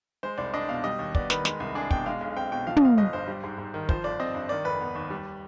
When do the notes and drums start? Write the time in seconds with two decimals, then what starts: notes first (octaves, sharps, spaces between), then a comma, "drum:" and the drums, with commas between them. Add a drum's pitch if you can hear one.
0.23 G#3 C5
0.38 C2 D5
0.54 D4 D#5
0.69 B2 F5
0.84 G3 D#5
0.99 D#2
1.15 B3 D5, drum: kick
1.30 D#3 B4, drum: snare
1.45 G#3, drum: snare
1.60 C2
1.75 D4 G#4
1.91 B2 G5, drum: kick
2.06 G#3 F5
2.21 B1
2.36 C4 G5
2.52 B2 G5
2.67 F3 F5
2.76 D#5, drum: tom
2.82 G1 F5
2.97 G1 D#5
3.13 G2 C5
3.28 G3
3.44 G#2
3.58 G#2
3.74 D#3
3.89 F3 C5, drum: kick
4.04 G1 D5
4.19 C4 D#5
4.35 G2
4.49 D#3 D5
4.65 F1 B4
4.81 B3
4.95 D#2
5.10 G3